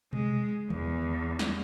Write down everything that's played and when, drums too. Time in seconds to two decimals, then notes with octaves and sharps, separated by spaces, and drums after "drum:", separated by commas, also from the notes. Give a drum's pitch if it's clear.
0.13 G#3, drum: tom B2
0.70 E2, drum: tom D3
1.39 drum: snare